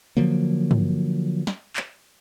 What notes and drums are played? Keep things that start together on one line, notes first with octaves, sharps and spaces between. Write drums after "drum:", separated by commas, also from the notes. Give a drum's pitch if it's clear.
D3 F3 F#3 A#3
drum: tom
drum: snare
drum: clap